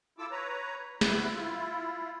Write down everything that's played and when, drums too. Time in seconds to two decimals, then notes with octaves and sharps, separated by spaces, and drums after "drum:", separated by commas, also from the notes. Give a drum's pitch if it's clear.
0.18 E4 F4 A4 D6 E6
0.31 B4 C#5 A#5
1.01 D2 B3 E4 F#6, drum: snare
1.32 E4 F4